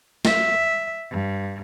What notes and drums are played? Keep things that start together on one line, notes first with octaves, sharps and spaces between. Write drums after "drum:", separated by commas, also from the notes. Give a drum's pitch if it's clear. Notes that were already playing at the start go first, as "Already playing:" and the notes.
E5, drum: snare
G2